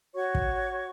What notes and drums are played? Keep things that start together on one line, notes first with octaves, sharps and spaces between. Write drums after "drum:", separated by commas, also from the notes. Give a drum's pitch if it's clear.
F#4 C#5 C#6
drum: kick